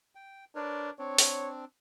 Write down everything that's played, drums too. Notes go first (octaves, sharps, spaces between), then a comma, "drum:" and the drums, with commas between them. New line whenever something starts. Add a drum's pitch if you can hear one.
G5
D4 A#4 B4 C#5
C4 D4 C#5
drum: open hi-hat